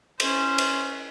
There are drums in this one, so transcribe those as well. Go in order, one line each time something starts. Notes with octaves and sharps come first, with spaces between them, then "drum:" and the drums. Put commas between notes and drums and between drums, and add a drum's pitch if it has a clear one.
C#4 C5, drum: cymbal
drum: cymbal